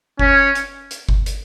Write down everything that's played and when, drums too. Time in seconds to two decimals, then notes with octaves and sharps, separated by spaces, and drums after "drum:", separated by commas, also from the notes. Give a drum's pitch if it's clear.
0.19 C#4, drum: kick G1
0.55 drum: hi-hat
0.91 drum: hi-hat
1.09 drum: kick G1
1.26 drum: hi-hat